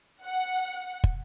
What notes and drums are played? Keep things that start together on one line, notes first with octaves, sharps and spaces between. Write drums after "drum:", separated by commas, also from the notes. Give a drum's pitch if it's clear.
F#5
drum: kick